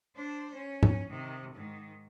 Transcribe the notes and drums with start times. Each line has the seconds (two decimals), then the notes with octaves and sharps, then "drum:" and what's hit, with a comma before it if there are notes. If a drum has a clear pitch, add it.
0.16 D4 C5
0.54 C#4
0.83 drum: tom G#2
1.10 C3 D#3
1.54 G#2 D#3